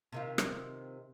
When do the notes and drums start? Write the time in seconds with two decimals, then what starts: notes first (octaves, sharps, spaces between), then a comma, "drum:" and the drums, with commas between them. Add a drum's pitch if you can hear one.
0.12 C3 D#3 F4
0.38 drum: rim click